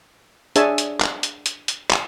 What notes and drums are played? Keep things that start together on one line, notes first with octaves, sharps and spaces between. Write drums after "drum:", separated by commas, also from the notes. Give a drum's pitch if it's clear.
D4 G#4 C#5 E5 G#5 A5, drum: hi-hat
drum: hi-hat
drum: clap
drum: hi-hat
drum: hi-hat
drum: hi-hat
drum: clap